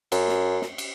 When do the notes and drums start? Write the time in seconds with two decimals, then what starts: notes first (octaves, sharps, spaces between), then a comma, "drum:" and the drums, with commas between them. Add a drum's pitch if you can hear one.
0.12 F#2, drum: cymbal
0.28 drum: snare
0.62 drum: snare
0.78 drum: cymbal